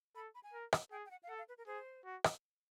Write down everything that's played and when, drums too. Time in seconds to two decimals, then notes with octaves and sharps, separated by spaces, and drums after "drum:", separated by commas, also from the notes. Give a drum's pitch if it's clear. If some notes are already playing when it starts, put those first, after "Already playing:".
0.15 A4 B5
0.35 B5
0.44 G#5
0.53 A#4
0.73 drum: rim click
0.91 G#4 G5
1.06 G5
1.11 F#5
1.23 F5
1.29 A4 F#5
1.38 F5
1.49 B4
1.58 A#4
1.67 G#4 C5
2.05 F#4
2.24 drum: rim click